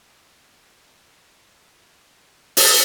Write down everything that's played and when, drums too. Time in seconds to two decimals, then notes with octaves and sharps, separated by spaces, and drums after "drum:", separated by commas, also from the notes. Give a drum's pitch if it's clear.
0.07 C#3 E3 F3 G#3 B3 G4
2.57 drum: open hi-hat